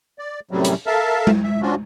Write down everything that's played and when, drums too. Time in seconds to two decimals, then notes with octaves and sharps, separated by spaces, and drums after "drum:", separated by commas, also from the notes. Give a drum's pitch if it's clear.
0.19 D5
0.51 F#2 A2 C3 F#3 G3
0.64 drum: hi-hat
0.87 A4 A#4 E5 F5 A5
1.27 drum: tom G#3
1.43 E5
1.62 F3 C#4 D4 F4 F#4